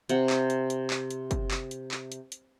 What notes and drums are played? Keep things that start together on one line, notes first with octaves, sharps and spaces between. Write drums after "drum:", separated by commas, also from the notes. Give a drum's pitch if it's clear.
C3 F#5, drum: hi-hat
drum: clap
drum: hi-hat
drum: hi-hat
drum: clap
drum: hi-hat
drum: kick, hi-hat
drum: clap
drum: hi-hat
drum: clap
drum: hi-hat
drum: hi-hat